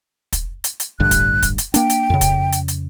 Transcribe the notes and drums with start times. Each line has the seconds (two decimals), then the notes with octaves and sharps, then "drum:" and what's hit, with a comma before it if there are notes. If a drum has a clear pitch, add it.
0.33 drum: kick, hi-hat
0.64 drum: hi-hat
0.80 drum: hi-hat
1.00 A1 G2 D3 F#6
1.11 drum: kick, hi-hat
1.42 drum: kick, hi-hat
1.58 drum: hi-hat
1.74 A#3 D4 G5, drum: hi-hat
1.90 drum: hi-hat
2.10 F2 C#3
2.21 drum: kick, hi-hat
2.52 drum: hi-hat
2.68 drum: hi-hat